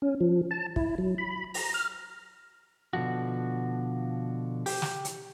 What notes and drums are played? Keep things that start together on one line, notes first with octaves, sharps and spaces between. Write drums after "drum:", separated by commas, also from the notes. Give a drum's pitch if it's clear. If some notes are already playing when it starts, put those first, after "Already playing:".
C#4
F3
A5
E4, drum: kick
F#3
B5
A#5, drum: open hi-hat
F6
B2 D3 F3 F#4
G4, drum: open hi-hat
drum: snare
drum: hi-hat